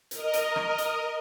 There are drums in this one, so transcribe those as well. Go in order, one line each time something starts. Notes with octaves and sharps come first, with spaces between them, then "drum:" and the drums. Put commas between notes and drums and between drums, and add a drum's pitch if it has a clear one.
A#4 D#5, drum: hi-hat
drum: hi-hat
drum: rim click
drum: hi-hat